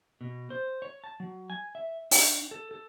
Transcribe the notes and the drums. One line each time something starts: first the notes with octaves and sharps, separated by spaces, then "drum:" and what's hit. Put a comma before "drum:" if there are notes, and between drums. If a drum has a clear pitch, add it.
B2
C5
C#5
A5
F#3
G#5
E5
D4, drum: open hi-hat
A4
A4